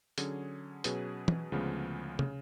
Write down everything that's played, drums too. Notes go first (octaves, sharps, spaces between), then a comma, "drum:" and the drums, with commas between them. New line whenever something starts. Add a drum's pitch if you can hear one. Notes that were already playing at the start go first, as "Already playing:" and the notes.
D3 F#3 C#4 G#4, drum: hi-hat
B2 F#3 C#4 G#4 B4, drum: hi-hat
drum: tom
D2 C#3 F3 G#3 B3
C#3, drum: tom